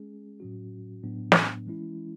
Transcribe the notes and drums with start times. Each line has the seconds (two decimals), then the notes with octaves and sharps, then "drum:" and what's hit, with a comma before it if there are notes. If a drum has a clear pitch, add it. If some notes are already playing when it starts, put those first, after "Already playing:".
Already playing: G#3 C#4 G#4
0.40 A2 F#3 C#4 F#4
1.03 A2 F#3 B3 D4
1.32 drum: snare
1.66 E3 G#3 C#4 E4